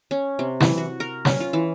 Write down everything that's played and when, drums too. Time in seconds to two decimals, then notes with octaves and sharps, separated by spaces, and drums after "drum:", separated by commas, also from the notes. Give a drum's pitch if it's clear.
0.11 C#4
0.39 C3
0.60 E3, drum: snare
0.78 F#4
1.00 A#4
1.25 C#4, drum: snare
1.40 F4
1.53 E3